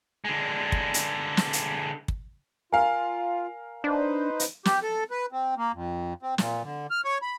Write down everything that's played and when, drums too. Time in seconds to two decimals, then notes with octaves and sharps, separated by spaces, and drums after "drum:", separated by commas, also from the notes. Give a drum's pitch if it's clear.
0.25 D3 G#3
0.72 drum: kick
0.94 drum: hi-hat
1.37 drum: snare
1.53 drum: hi-hat
2.08 drum: kick
2.73 F4 A#4 F5 G#5
3.84 D4 D#4 B4 C5
4.40 drum: hi-hat
4.65 G4, drum: snare
4.83 A4
5.11 B4
5.32 C4
5.57 A#3
5.74 F2
6.23 C4
6.38 A#2, drum: snare
6.63 D3
6.90 F6
7.04 C#5
7.22 B5